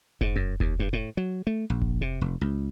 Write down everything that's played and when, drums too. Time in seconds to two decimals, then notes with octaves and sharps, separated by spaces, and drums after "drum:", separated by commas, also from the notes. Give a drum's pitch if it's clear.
0.21 G#2, drum: kick F1
0.36 F#2
0.60 D#2, drum: kick F1
0.79 G2
0.93 A2
1.17 F#3
1.47 A3
1.70 A#1
1.82 drum: kick F1
2.01 C3
2.21 F1
2.41 C#2